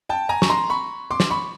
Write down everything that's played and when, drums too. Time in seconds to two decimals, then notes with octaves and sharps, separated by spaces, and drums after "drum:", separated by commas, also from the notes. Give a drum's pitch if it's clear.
0.09 G5 A5
0.29 G#5 A#5
0.42 C#6, drum: snare
0.49 A#5 C6
0.70 B5 C#6
1.11 C6 D6
1.20 drum: snare
1.30 B5 C#6